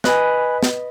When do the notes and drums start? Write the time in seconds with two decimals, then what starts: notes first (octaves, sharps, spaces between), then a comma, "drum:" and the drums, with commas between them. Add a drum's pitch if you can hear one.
0.04 B4 D#5 G#5 B5 F#6, drum: snare
0.63 drum: snare